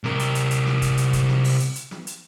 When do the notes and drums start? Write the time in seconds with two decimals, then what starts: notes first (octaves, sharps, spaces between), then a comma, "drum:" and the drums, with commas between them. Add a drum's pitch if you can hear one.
0.04 C3 A#4, drum: snare
0.19 drum: hi-hat
0.35 drum: hi-hat
0.51 drum: hi-hat
0.66 drum: snare
0.82 drum: kick, hi-hat
0.97 drum: hi-hat
1.13 drum: kick, hi-hat
1.29 drum: snare
1.44 drum: open hi-hat
1.60 drum: hi-hat
1.76 drum: hi-hat
1.91 drum: snare
2.07 drum: hi-hat